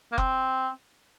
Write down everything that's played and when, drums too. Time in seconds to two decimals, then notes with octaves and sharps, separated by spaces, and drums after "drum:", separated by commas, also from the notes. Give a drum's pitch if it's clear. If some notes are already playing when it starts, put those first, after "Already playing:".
0.12 A#3
0.18 C4, drum: kick F#1